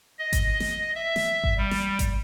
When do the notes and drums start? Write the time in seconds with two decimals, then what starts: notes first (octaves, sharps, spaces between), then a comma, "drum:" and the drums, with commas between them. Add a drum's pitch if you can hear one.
0.19 D#5
0.33 drum: kick G#1, hi-hat
0.60 drum: snare
0.95 E5
1.16 drum: snare
1.44 drum: kick G#1
1.57 G3
1.71 drum: snare
1.99 drum: kick G#1, hi-hat